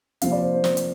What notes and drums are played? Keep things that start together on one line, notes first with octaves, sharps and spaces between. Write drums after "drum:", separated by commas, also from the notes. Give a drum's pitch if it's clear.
C3 F3 A#3 F5, drum: hi-hat
D5
C5
C5
C5, drum: snare
drum: hi-hat